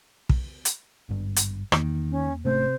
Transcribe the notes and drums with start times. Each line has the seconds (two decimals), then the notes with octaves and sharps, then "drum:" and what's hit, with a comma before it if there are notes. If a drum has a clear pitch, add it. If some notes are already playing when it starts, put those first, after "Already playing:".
0.29 drum: kick
0.65 drum: hi-hat
1.09 G#1 G2
1.36 drum: hi-hat
1.72 E2 D#3 A#3, drum: rim click
2.11 C#4
2.45 G#1 C3 A3 C#4 C5